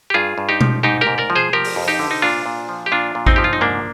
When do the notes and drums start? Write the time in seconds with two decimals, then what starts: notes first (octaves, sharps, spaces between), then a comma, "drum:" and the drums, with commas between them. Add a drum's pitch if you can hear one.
0.10 G4
0.14 G2 F4 G#4
0.38 G2
0.49 D#4 G4
0.61 F3, drum: tom B2
0.83 G#2 D#4 G4
1.01 G4 A#4
1.07 G#2
1.18 A#4 D5
1.30 F3
1.35 G#4 C5
1.53 F3 G4 A#4
1.65 drum: open hi-hat
1.76 F2
1.88 D#4 G4
1.99 D3
2.11 D#4
2.22 A#2 D4 F4
2.46 A#2
2.69 F3
2.86 G4
2.92 A#2 D4 F4
3.15 A#2
3.27 C4 D#4, drum: kick A1
3.36 F3 G4
3.44 F4
3.53 D#4
3.61 G#2 A#3 D4